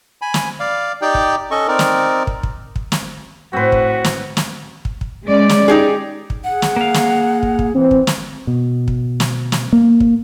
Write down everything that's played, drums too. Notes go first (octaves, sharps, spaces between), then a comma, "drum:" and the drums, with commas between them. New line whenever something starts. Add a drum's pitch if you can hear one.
G#5 B5
drum: snare
D5 F5
D#4 G4 D5 G5
drum: kick
C#4 A4 D#5 C#6
C4 D#4 A#4 D5
drum: snare
drum: kick
drum: kick
drum: kick
drum: snare
A2 C4 F#4 B4
drum: kick
drum: snare
drum: snare
drum: kick
drum: kick
G#3 C#4 D5
drum: snare
D#4 G4 G#4
drum: kick
G#4 F#5
drum: snare
A#3 F5
drum: snare
drum: kick
drum: kick
E3 C4
drum: kick
drum: snare
B2
drum: kick
drum: snare
drum: snare
A#3
drum: kick